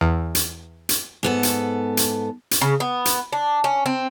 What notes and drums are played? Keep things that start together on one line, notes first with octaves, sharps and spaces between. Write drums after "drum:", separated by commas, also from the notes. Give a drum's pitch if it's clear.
E2
drum: hi-hat
drum: hi-hat
G#2 B3 A4
drum: hi-hat
drum: hi-hat
drum: hi-hat
C#3
B3
drum: hi-hat
D4
C#4
C4